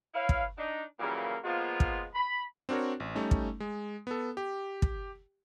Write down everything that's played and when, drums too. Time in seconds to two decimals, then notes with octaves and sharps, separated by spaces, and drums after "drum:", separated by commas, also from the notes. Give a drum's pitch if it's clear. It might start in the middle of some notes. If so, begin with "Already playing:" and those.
0.14 E4 B4 C#5 F5
0.29 drum: kick
0.56 D4 D#4
0.99 A#2 C#3 E3 F#3 G3 A#3
1.43 F3 G#3 A#3 B3 F4
1.80 drum: kick
2.14 B5
2.69 C4 D4 F#4 A#4 C#5
3.00 A1
3.15 G3 A3 C#4 D#4
3.31 drum: kick
3.60 G#3
4.07 B3 A4
4.37 G4
4.82 drum: kick